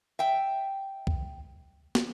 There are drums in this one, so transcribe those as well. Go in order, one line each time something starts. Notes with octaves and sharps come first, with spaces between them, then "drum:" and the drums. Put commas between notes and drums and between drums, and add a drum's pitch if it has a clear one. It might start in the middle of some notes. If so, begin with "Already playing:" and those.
E5 G5
drum: kick C2
drum: snare